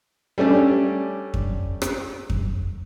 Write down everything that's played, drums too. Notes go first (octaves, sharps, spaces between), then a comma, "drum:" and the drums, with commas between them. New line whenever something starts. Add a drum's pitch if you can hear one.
G3 A3 C#4 D4
drum: kick F2
drum: rim click
drum: kick F2